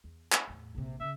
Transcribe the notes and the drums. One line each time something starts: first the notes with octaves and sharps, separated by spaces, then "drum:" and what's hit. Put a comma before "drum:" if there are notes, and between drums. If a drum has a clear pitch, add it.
E2
drum: clap
E2 A2
A#1 C3
C#3 E5